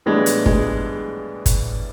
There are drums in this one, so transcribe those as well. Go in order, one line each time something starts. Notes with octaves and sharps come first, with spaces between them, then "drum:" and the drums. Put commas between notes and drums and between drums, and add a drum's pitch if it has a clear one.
A2 E3 G3 G#3 B3 D4
drum: hi-hat
G#3, drum: kick G1
drum: kick G1, hi-hat